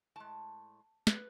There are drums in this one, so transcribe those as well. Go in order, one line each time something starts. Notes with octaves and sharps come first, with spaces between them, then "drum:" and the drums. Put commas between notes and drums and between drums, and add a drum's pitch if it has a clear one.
A2 G#3 A5
B4, drum: snare